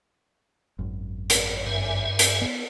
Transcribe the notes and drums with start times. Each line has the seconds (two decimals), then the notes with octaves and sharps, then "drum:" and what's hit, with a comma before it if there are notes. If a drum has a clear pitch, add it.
0.79 G#1 F#2
1.30 drum: hi-hat
1.67 G2 E5 G#5
2.19 drum: hi-hat
2.41 B3